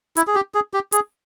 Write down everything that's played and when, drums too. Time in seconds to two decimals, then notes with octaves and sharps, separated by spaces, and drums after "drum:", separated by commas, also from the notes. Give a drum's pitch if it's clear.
0.17 E4, drum: hi-hat
0.27 G#4
0.35 G4
0.55 G#4
0.74 G4
0.92 G#4, drum: hi-hat